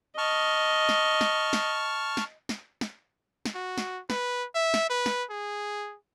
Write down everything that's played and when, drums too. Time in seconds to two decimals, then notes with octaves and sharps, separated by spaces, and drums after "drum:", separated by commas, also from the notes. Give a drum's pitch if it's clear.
0.18 D#5 A5 C#6 F6
0.89 drum: snare
1.21 drum: snare
1.53 drum: snare
2.17 drum: snare
2.49 drum: snare
2.81 drum: snare
3.45 drum: snare
3.55 F#4
3.78 drum: snare
4.10 B4, drum: snare
4.55 E5
4.74 drum: snare
4.90 B4
5.06 drum: snare
5.30 G#4